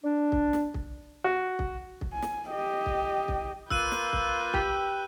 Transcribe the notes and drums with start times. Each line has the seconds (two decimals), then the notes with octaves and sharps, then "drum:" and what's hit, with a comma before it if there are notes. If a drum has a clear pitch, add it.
0.05 D4
0.32 drum: kick
0.53 drum: snare
0.74 drum: kick
1.24 F#4
1.59 drum: kick
2.01 drum: kick
2.13 G#5
2.22 drum: snare
2.48 G4 D#5
2.86 drum: kick
3.28 drum: kick
3.70 A#3 F4 B4 E6 F#6 G6 D#7, drum: kick
3.92 drum: snare
4.13 drum: kick
4.54 G4, drum: kick